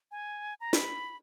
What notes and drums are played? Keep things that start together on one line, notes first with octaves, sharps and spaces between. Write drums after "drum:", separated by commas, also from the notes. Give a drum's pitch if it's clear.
G#5
A#5
B5, drum: snare